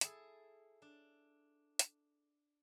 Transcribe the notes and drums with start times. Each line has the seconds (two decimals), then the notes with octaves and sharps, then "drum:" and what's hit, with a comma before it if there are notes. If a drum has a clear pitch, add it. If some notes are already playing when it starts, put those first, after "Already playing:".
0.01 E4 G#4 A4, drum: hi-hat
0.82 D4
1.79 drum: hi-hat